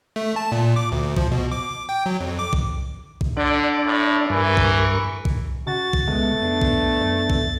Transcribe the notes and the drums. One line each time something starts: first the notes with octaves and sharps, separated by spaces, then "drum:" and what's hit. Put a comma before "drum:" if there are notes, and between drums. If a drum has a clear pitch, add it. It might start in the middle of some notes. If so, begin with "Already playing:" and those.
A3
A5
A#2
D6
D2
F3, drum: kick A#1
B2
D6
G5
F#3
F2
D6
drum: kick A#1
drum: kick A#1
D3 D4 D5
A2
G2 E3 A#4 C#6
drum: kick A#1
drum: kick A#1
C#3 F#4 A6
drum: kick A#1
C#3 G#3 A3 B3
F2 B3 D4
drum: kick A#1
F#2
drum: kick A#1